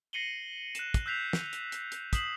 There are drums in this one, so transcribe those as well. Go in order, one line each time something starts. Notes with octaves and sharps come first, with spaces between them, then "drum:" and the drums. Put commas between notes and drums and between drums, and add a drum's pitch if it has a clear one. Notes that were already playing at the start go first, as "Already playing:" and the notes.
A#6 C7 C#7 D#7 F#7 G7
F#6 E7, drum: hi-hat
drum: kick, hi-hat
E6 F#6 G6 B6 C7 F7
drum: snare
drum: hi-hat
drum: hi-hat
drum: hi-hat
D#6 B6 C7 E7 F#7, drum: kick, hi-hat